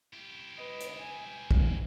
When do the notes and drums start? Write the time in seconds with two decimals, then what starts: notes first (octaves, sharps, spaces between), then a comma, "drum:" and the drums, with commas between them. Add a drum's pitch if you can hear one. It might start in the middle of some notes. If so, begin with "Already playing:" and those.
0.13 E4 G4
0.57 B4 D#5
0.80 drum: hi-hat
0.99 G#5
1.51 drum: kick